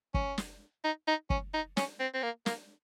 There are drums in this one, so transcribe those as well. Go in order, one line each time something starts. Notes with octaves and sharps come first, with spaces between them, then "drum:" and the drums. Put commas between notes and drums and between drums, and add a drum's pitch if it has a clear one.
C#4, drum: kick
drum: snare
D#4
D#4
C#4, drum: kick
D#4
C#4, drum: snare
C4
C4
A#3
A#3, drum: snare